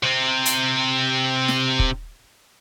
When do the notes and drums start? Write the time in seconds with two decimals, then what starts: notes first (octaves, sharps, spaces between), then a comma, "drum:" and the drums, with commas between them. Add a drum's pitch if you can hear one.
0.03 C3 C4
0.45 drum: hi-hat
1.48 drum: snare
1.79 drum: kick